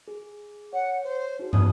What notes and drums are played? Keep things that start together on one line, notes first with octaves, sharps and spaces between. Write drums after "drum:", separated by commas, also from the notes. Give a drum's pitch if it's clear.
G#4
C#5 F#5
C5
D#4 F#4 G#4
D#6, drum: tom